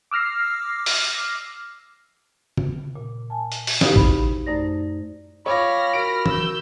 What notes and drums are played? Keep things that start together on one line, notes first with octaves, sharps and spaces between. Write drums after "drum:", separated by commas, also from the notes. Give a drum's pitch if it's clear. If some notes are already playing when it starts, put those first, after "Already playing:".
D6 E6 F6 A#6 C7
drum: open hi-hat
drum: tom C#3
A#2
G#5 A5
drum: hi-hat
drum: open hi-hat
D#4 E4 F#4 G4 C5 F5, drum: snare
B5, drum: kick A1
F#2 A3 D#4 C5 D5 A#6
F4 C#5 F5 G5 B5 D6 F6 A#6
F#4 A#4 C#6 D7
E6 G6, drum: tom